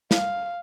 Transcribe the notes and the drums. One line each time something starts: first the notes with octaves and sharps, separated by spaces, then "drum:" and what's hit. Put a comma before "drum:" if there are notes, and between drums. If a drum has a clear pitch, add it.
F5, drum: snare